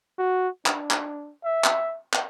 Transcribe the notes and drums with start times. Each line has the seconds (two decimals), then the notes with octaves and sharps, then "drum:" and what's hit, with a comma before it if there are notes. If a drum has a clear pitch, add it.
0.19 F#4
0.66 D4, drum: clap
0.91 drum: clap
1.44 E5
1.64 drum: clap
2.13 drum: clap